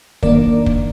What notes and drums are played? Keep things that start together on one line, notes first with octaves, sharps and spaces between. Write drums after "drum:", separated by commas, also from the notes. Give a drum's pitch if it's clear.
D#3 A#3 D4 A#4 D5, drum: kick
drum: kick